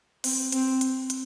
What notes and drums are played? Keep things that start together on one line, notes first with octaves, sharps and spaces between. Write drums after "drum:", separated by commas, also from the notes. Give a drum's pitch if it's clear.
C4, drum: open hi-hat
C4, drum: hi-hat
drum: hi-hat
drum: hi-hat